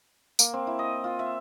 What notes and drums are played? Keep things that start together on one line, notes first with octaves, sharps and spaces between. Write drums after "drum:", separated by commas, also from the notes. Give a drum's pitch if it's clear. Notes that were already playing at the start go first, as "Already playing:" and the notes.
A#3, drum: tambourine
C4
E4
D#5
F4
E5